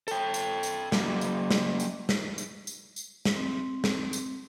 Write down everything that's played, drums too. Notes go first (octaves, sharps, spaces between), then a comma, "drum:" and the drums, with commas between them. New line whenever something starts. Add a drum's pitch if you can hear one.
A4 G5, drum: tambourine
drum: tambourine
drum: tambourine
F#3 A#3, drum: snare
drum: tambourine
drum: snare
drum: tambourine
drum: snare
drum: tambourine
drum: tambourine
drum: tambourine
drum: snare
C4
drum: snare
drum: tambourine